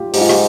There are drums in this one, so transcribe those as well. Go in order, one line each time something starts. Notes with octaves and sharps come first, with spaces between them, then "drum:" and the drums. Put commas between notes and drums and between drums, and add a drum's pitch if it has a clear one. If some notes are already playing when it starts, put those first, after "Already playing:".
Already playing: F4 G4
G#2 G4, drum: open hi-hat
F4
G4, drum: rim click